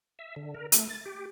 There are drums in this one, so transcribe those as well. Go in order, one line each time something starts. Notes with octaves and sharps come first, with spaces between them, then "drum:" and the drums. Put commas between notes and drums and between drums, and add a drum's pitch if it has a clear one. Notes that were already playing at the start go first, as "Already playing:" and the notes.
E5
D3
A#4
A3, drum: hi-hat
A6
G4